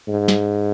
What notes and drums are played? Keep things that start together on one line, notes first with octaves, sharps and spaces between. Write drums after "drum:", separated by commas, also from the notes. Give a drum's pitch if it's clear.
G#2
drum: snare